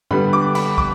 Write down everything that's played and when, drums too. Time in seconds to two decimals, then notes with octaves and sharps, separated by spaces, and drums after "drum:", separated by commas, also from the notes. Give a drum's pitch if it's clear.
0.11 D3 G3 B3 B5, drum: tom G#2
0.33 D6
0.55 B5, drum: cymbal
0.78 D6, drum: kick